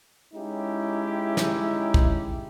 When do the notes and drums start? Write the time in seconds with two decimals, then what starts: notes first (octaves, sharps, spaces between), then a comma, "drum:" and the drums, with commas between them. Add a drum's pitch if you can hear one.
0.34 G#3 C#4 D#4 E4 G4
1.37 drum: snare
1.94 drum: kick